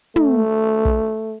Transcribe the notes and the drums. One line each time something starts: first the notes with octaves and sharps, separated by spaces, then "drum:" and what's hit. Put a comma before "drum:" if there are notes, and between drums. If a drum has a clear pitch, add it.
A3, drum: tom
drum: kick